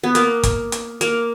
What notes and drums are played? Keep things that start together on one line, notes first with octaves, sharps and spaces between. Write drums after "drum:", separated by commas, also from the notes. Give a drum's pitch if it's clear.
B3
A#3, drum: hi-hat
drum: kick, hi-hat
drum: hi-hat
A#3, drum: hi-hat